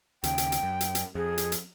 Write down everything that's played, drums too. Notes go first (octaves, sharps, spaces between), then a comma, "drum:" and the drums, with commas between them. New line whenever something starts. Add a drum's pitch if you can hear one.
D#2 C#3 G5, drum: hi-hat
drum: hi-hat
drum: hi-hat
F#2
drum: hi-hat
drum: hi-hat
F2 G#4
drum: hi-hat
drum: hi-hat